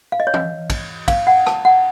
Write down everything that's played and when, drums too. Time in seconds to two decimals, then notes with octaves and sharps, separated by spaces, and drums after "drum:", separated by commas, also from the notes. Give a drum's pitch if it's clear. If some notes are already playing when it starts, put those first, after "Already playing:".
0.12 F5
0.20 D#5
0.27 C#5
0.34 D#5, drum: tom E3
0.70 drum: kick, cymbal
1.08 F5, drum: kick, cymbal
1.27 F#5
1.46 A5, drum: rim click
1.65 F#5